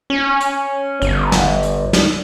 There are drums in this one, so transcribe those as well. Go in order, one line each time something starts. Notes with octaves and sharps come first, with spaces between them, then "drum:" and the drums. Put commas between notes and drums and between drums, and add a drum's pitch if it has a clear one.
C#4
drum: hi-hat
G1, drum: hi-hat
drum: snare
drum: hi-hat
drum: snare